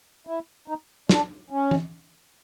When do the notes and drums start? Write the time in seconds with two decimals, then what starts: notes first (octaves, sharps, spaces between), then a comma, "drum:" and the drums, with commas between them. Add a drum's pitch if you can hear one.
0.27 E4
0.68 D#4
1.09 D4, drum: snare
1.50 C#4
1.71 drum: tom